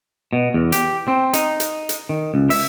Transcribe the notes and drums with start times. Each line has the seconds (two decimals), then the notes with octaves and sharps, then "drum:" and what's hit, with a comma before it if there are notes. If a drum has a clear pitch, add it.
0.33 B2
0.54 E2
0.72 G4, drum: hi-hat
1.08 C4
1.33 D#4, drum: hi-hat
1.60 drum: hi-hat
1.89 drum: hi-hat
2.09 D#3
2.34 C#2
2.50 E5, drum: open hi-hat